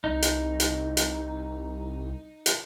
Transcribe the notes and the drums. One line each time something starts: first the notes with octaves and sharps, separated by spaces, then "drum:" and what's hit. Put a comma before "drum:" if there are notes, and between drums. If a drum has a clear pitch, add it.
C2 D#4
drum: hi-hat
drum: hi-hat
drum: hi-hat
drum: hi-hat